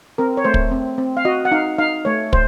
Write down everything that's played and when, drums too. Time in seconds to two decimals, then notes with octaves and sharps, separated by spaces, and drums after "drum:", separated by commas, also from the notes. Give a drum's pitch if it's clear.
0.18 C4 A#4
0.37 C#5
0.45 A3 C5
0.54 drum: kick
0.72 C4
0.98 C4
1.17 F5
1.25 F#4 D#5
1.45 F#5
1.51 D#4 F5
1.78 D#4 F5
2.05 A3 C#5
2.33 C5, drum: kick